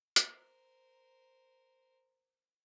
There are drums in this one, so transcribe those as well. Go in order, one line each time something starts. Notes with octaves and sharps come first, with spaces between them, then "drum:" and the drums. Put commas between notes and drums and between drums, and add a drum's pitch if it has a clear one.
drum: hi-hat
A#4 C5